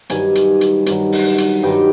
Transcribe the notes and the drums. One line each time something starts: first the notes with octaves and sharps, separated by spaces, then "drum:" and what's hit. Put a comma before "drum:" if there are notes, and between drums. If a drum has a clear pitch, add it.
G2 D#3 F#3 G#5, drum: hi-hat
drum: hi-hat
drum: hi-hat
G2 D#3 F#3, drum: hi-hat
drum: open hi-hat
drum: hi-hat
G2 D#3 F#3 G5